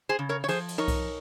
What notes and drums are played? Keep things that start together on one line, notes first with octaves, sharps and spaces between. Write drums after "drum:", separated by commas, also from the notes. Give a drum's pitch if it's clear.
G#4 C5
C#3
A#4 C#5
C#5
F3 G#4 C5, drum: cymbal
drum: cymbal
D#4 A#4 C#5
drum: kick C2, cymbal